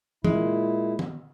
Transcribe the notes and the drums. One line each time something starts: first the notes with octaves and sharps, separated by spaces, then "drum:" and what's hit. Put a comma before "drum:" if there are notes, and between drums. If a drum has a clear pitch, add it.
A#2 G#3 E4, drum: tom E3
drum: tom D#3